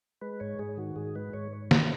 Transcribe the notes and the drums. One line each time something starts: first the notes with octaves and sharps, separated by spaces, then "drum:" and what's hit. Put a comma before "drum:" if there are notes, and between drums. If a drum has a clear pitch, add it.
G#3 B4
G#2 C#5
G#2 G#4
D#3 F#4
G#2 G#4
G#3 B4
G#2 C#5
drum: snare